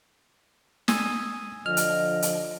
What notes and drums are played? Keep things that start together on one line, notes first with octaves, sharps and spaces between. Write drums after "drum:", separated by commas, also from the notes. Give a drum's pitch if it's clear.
G#5 D#6 E6, drum: snare
D3 F3 D#5 F6
drum: hi-hat
drum: hi-hat